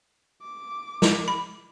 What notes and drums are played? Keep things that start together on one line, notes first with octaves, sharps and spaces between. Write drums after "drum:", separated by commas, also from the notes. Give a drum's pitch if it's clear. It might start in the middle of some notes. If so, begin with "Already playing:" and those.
D6
drum: snare
B5